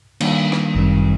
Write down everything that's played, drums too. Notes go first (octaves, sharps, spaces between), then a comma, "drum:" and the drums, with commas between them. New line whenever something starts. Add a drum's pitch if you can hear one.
D#3 G3 A#3 D4, drum: cymbal
drum: rim click
G1 F#2 D#3 G3 C4